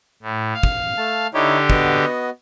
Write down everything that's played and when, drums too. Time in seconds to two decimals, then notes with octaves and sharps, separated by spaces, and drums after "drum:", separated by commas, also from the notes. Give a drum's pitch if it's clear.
0.23 A2
0.54 F5
0.63 drum: kick
0.98 A3 A5
1.34 D3 D#4 E4 G4 C#5
1.70 B3 F#4 D#5, drum: kick